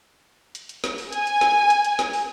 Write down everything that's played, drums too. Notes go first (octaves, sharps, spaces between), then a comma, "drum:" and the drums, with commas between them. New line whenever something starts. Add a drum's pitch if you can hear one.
drum: hi-hat
drum: hi-hat
drum: snare
drum: open hi-hat
G#5, drum: hi-hat
drum: hi-hat
drum: snare
drum: hi-hat
drum: hi-hat
drum: snare
drum: open hi-hat